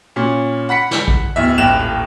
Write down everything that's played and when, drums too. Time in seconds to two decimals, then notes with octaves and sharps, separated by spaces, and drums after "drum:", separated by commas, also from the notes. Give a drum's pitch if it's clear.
0.16 A#2 C#4
0.69 F#5 B5 B6 C#7
0.91 drum: snare
1.08 drum: kick
1.36 D1 E2 E5
1.58 D#1 A1 G5 F#6 E7 F7